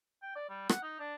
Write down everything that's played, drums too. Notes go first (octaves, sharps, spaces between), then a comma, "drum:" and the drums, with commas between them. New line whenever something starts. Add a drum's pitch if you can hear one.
G5
D5
G3
F#5, drum: rim click
D#4
D4